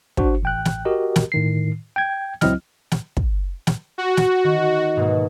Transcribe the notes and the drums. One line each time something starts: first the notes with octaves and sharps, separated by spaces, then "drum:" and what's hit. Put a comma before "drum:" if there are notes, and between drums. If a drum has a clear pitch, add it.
D4 F#4 C5, drum: kick
A1 G5 F#6
drum: snare
F#4 G4 A#4 D#5
drum: snare
A2 D#3 C7
G5 G#6
C#2 F#3 C4 E4 D#5 F6, drum: snare
drum: snare
drum: kick
drum: snare
F#4
drum: snare
D#3
G#2 B2 A#3